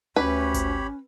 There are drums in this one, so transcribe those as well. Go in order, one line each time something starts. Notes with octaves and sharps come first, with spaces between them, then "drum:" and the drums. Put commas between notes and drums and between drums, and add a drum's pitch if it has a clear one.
D2 C#4 G4 B4 C#5 B5
drum: kick G#1, hi-hat